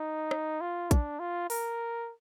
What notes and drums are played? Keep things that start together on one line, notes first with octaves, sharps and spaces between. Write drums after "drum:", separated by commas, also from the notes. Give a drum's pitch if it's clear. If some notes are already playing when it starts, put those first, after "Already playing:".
Already playing: D#4
drum: rim click
F4
D4, drum: kick A#1, hi-hat
F4
A#4, drum: open hi-hat